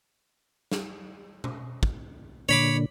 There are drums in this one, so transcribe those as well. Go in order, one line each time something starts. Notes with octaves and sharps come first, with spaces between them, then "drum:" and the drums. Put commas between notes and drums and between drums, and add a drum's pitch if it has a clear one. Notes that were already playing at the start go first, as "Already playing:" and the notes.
drum: snare
drum: tom B2
drum: kick
A#2 D3 C#5 B5 D6